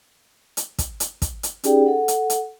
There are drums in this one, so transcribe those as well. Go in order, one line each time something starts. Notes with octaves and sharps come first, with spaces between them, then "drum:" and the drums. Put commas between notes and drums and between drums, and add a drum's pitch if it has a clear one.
drum: hi-hat
drum: kick, hi-hat
drum: hi-hat
drum: kick, hi-hat
drum: hi-hat
C#4 D#4 G4 G#4 D5 G5, drum: hi-hat
A4 F#5
drum: hi-hat
drum: hi-hat